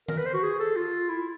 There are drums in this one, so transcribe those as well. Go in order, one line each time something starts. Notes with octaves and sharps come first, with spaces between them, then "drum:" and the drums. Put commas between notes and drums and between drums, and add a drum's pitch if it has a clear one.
A#4, drum: tom D#3
B4
C5
F#4
G#4
A4
F4
E4